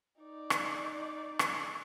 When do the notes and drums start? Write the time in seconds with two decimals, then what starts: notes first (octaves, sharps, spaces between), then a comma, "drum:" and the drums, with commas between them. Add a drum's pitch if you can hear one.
0.21 D#4 D5
0.50 drum: rim click
1.39 drum: rim click